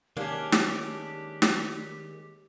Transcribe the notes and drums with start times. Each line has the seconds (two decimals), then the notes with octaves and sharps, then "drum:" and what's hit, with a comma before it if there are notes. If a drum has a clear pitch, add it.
0.17 D#3 G#3 A#3 C#4 D4 G4
0.52 drum: snare
1.42 drum: snare